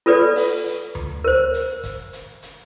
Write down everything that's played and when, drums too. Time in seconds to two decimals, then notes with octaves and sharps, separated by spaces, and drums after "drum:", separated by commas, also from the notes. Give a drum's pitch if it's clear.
0.06 F4 A4 B4 D5
0.36 drum: open hi-hat
0.65 drum: hi-hat
0.95 drum: tom D2
1.24 A#4 C5
1.54 drum: hi-hat
1.84 drum: kick, hi-hat
2.13 drum: hi-hat
2.43 drum: hi-hat